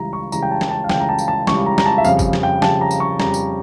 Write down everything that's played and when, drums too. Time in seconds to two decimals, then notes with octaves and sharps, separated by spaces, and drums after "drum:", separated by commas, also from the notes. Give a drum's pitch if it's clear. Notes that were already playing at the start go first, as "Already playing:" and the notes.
Already playing: C#2 C#3 E3 G3 A#5
0.13 C#6
0.32 C#2 C#3 E3 G3 A#5, drum: tambourine
0.43 G5
0.51 A5
0.61 drum: snare
0.70 A5
0.84 F5
0.89 C#2 C#3 E3 G3 G5, drum: snare
1.00 A#5
1.09 A5
1.18 drum: tambourine
1.28 A5
1.47 C#2 C#3 E3 G3 C#6, drum: snare
1.66 A#5
1.78 A#5, drum: snare
1.86 A5
1.98 E5
2.05 F2 C#3 G3 F5, drum: tambourine
2.19 drum: kick G1, tambourine
2.33 drum: snare
2.43 G5
2.62 F2 C#3 G3 A5, drum: snare
2.81 A#5
2.91 drum: tambourine
3.00 C#6
3.20 F2 C#3 G3 A#5, drum: snare
3.34 drum: tambourine